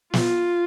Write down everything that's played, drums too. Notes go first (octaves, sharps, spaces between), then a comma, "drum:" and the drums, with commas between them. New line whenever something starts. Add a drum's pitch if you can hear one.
F4, drum: snare